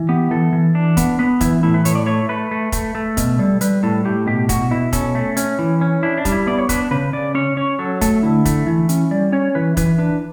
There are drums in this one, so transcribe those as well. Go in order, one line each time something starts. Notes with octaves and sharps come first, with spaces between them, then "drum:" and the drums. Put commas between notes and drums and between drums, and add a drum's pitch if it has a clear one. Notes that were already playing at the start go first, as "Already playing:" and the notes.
Already playing: E3
B3 G4
E3 A4
E3
D4
B3, drum: kick, hi-hat
B3 B4
E3 E4, drum: kick, hi-hat
A2 E4
B4
A2 C#5, drum: hi-hat
D5
A3 C#5
A3 B4
A3
A3, drum: kick, hi-hat
A3
B2, drum: kick, hi-hat
G3 A4
G3 B4, drum: hi-hat
A2 A4
A2 G4
B2 G4
B2 F#4, drum: kick, hi-hat
B2 E4
C#4 A4, drum: kick, hi-hat
A3
C#4, drum: hi-hat
E3
C#4
D4 E4
D4
G3, drum: kick, hi-hat
E4
B3 D5
C#5
D4 B4, drum: kick, hi-hat
C#3 B4
C#3 D5
C#4 C#5
C#4 C#5
F#3 A4
A3 A4, drum: kick, hi-hat
D3 E4
A3, drum: kick, hi-hat
E3
C#4, drum: hi-hat
G3 D5
C#4 C#5
E3 B4
E3 B4, drum: kick, hi-hat
D4 B4